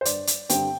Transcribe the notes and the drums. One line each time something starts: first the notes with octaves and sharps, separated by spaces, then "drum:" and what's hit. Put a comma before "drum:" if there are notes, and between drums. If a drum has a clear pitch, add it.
C5
G1 D5, drum: hi-hat
drum: hi-hat
G2 D3 G3 C4 G5, drum: hi-hat